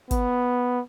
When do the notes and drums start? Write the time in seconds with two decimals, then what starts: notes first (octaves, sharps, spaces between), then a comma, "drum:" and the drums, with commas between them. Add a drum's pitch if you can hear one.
0.11 B3, drum: kick, hi-hat